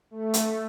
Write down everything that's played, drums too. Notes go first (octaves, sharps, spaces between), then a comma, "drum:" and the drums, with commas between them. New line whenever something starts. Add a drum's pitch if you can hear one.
A3
drum: hi-hat